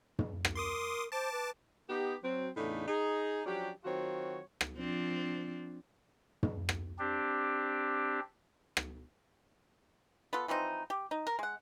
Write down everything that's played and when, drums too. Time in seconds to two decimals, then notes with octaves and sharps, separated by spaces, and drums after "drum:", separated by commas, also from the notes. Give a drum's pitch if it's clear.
0.19 drum: tom
0.45 drum: rim click
0.55 A#4 C6 D6 D#6
1.12 C5 A5 D6
1.32 B4
1.89 B3 D#4 G4
2.23 F#3 C4
2.56 E2 A2 C#3 A3 D4 D#4
2.87 D#4 G#4
3.46 F3 F#3 C#4 D4 G4
3.84 D#3 F#3 C4 F4 F#4 C#5
4.61 drum: rim click
4.77 F3 C4 D4
6.43 drum: tom
6.69 drum: rim click
6.99 C4 D4 G4
8.77 drum: rim click
10.33 B3 F4 A4
10.48 E3 F3 C4 D#4
10.90 G4
11.11 D#4
11.27 A#4
11.39 G#3 F#5